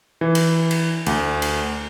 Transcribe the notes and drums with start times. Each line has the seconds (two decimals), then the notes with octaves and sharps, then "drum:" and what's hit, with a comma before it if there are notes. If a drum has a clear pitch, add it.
0.21 E3
0.35 drum: cymbal
0.71 drum: cymbal
1.06 D2, drum: cymbal
1.42 drum: cymbal